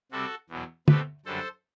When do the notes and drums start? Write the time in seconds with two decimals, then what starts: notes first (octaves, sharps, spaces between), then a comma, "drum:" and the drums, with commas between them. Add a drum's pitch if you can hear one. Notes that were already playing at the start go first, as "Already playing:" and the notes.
0.12 C3 G3 C4 F#4 A4
0.49 E2 B2 F#3
0.88 B2 A3 C4 G4 B4, drum: tom
1.26 F#2 D3 G3 A4 C5